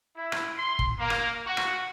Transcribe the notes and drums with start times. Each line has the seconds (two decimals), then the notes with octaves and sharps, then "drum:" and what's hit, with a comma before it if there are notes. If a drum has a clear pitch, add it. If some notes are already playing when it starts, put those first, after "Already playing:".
0.16 E4
0.32 drum: rim click
0.57 C6
0.79 drum: kick
0.99 A#3
1.10 drum: rim click
1.46 F#4
1.57 drum: rim click